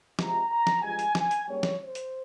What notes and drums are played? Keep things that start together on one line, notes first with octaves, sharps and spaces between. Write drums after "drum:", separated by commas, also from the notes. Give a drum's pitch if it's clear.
C3 F3 G#3 A#5, drum: snare
A#5
drum: snare
G2 F3 G#3 G#5
drum: hi-hat
G#5, drum: snare
drum: hi-hat
G#2 G3 A#3 C#4 C#5
drum: snare
C5
drum: hi-hat